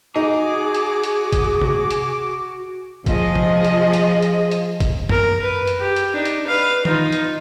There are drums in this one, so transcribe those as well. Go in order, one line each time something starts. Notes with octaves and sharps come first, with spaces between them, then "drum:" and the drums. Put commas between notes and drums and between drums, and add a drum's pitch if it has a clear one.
D#4 F#4 G#4 D6
drum: hi-hat
drum: hi-hat
drum: kick, hi-hat
drum: tom C3
drum: hi-hat
F3 G#4 D#5, drum: kick, hi-hat
drum: tom C3
drum: hi-hat
drum: hi-hat
drum: hi-hat
drum: hi-hat
drum: kick, hi-hat
A#4, drum: tom F#2
B4
drum: hi-hat
G4
drum: hi-hat
D4 D#4
drum: hi-hat
B4 F5
D#4 F4, drum: tom D#3
drum: hi-hat